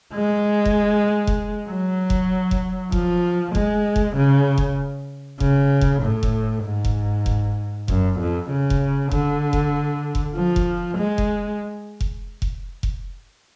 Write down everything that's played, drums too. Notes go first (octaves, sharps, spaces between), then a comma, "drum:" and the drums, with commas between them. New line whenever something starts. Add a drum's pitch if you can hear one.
G#3
drum: kick F1
drum: kick F1
F#3
drum: kick F1
drum: kick F1
F3, drum: kick F1
G#3, drum: kick F1
drum: kick F1
C#3
drum: kick F1
C#3, drum: kick F1
drum: kick F1
A2
drum: kick F1
G#2
drum: kick F1
drum: kick F1
F#2, drum: kick F1
F2
C#3
drum: kick F1
D3, drum: kick F1
drum: kick F1
drum: kick F1
F3
drum: kick F1
G#3
drum: kick F1
drum: kick F1
drum: kick F1
drum: kick F1